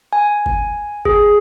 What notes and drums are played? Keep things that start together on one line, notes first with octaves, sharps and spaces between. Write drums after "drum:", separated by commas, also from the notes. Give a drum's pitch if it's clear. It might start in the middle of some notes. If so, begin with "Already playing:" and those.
G#5
drum: kick
G#4, drum: kick